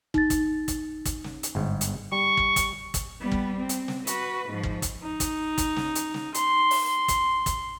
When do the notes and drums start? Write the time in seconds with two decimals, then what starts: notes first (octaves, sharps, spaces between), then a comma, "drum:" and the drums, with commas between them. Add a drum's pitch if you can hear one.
0.14 D#4 A6, drum: kick
0.30 drum: kick, hi-hat
0.68 drum: kick, hi-hat
1.05 drum: kick, hi-hat
1.24 drum: snare
1.43 drum: hi-hat
1.55 G1 G#2
1.81 drum: hi-hat
2.12 G3 C#6
2.37 drum: kick
2.56 drum: kick, hi-hat
2.94 drum: kick, hi-hat
3.20 G3 B3
3.32 drum: kick
3.58 C4
3.69 drum: hi-hat
3.88 drum: snare
4.07 F#4 B4, drum: hi-hat
4.50 G#2 F3
4.63 drum: kick
4.82 drum: kick, hi-hat
5.02 D#4
5.20 drum: kick, hi-hat
5.58 drum: kick, hi-hat
5.76 drum: snare
5.95 drum: hi-hat
6.14 drum: snare
6.34 C6, drum: hi-hat
6.71 drum: open hi-hat
6.84 C6
7.08 drum: kick, hi-hat
7.46 drum: kick, hi-hat